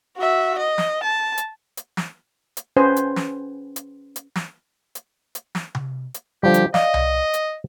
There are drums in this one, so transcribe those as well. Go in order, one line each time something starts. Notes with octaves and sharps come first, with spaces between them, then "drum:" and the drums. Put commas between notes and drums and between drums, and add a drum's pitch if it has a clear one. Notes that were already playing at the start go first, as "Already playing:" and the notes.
F#4 E5
D#5
drum: snare
A5
drum: hi-hat
drum: hi-hat
drum: snare
drum: hi-hat
C#4 B4 C5 G#5
drum: hi-hat
drum: snare
drum: hi-hat
drum: hi-hat
drum: snare
drum: hi-hat
drum: hi-hat
drum: snare
drum: tom C3
drum: hi-hat
D3 F3 G3 G4
drum: hi-hat
D5 D#5 F5, drum: snare
drum: tom C2
drum: hi-hat